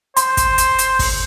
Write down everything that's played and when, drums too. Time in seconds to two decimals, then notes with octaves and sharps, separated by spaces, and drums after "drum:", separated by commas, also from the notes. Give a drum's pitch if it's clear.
0.17 C5 C6, drum: hi-hat
0.37 drum: kick, hi-hat
0.58 drum: hi-hat
0.79 drum: hi-hat
0.99 drum: kick, open hi-hat